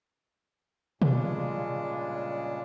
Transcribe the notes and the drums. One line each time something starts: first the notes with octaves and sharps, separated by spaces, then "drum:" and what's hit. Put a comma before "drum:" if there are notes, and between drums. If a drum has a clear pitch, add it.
G2 A#2 C#3 G#3 C#4 D4, drum: tom B2